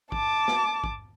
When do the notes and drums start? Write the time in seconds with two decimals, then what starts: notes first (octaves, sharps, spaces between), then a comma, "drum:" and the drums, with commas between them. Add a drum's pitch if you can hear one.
0.12 A5 D6, drum: kick A1
0.48 drum: snare
0.84 drum: kick A1